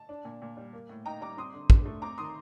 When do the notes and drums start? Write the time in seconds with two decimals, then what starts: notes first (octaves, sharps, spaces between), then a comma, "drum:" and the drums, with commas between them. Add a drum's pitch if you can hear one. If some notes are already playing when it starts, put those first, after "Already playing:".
Already playing: A5
0.09 D4
0.25 A#2
0.42 A#2
0.57 G3
0.73 A#3
0.89 A2
1.05 D#4 G5 A#5
1.21 G3 A#5 D6
1.37 C4 C6 D#6
1.54 D3
1.70 D3, drum: kick
1.86 A3
2.02 C4 A#5 D6
2.18 D#3 C6 D#6